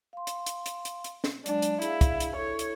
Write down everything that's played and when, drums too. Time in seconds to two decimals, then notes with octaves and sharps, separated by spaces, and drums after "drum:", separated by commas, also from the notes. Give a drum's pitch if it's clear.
0.13 F5 C6
0.27 drum: hi-hat
0.46 drum: hi-hat
0.66 drum: hi-hat
0.85 drum: hi-hat
1.04 drum: hi-hat
1.24 drum: snare
1.46 F#3 G#3 D4, drum: hi-hat
1.62 drum: hi-hat
1.82 E4 G#4 F5, drum: hi-hat
2.01 drum: kick, hi-hat
2.20 drum: hi-hat
2.36 E4 A4 C#5
2.59 drum: hi-hat